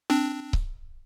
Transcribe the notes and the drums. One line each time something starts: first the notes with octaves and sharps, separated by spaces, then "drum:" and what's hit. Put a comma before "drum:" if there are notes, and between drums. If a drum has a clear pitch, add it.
C4 D4
drum: kick C#1